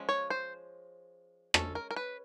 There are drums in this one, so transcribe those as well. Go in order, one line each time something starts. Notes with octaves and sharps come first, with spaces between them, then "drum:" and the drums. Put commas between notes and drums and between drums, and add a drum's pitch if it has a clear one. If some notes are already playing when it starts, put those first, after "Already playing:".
Already playing: F3 G#3 C#4
C#5
C5
G#3 C#4 A4, drum: rim click
A#4
A#4
B4